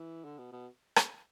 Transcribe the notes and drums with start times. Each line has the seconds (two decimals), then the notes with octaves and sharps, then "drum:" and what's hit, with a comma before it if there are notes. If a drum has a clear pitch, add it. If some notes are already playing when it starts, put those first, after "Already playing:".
Already playing: E3
0.24 D3
0.38 B2
0.52 B2
0.96 drum: rim click